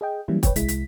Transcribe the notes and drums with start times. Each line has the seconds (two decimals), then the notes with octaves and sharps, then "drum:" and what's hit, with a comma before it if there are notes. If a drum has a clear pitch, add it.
0.01 G#4 D#5 G5
0.28 E3 F#3 G3 A#3 C#4 E4
0.43 B4 C#5 G5, drum: kick, hi-hat
0.56 C2 G#3 E4 B6, drum: hi-hat
0.68 drum: hi-hat